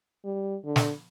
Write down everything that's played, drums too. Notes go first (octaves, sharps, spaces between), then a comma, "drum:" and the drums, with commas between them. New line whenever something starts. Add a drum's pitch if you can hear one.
G3
D3
drum: snare